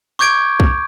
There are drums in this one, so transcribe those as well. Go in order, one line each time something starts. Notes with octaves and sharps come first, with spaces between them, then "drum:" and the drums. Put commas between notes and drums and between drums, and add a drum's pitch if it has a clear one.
C#6 D6 G6 G#6 D7
drum: kick